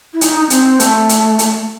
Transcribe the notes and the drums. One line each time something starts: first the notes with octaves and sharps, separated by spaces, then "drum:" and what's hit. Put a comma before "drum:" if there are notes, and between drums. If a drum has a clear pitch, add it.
E4
D#4, drum: hi-hat
D#4
C4, drum: hi-hat
A3, drum: hi-hat
drum: hi-hat
drum: hi-hat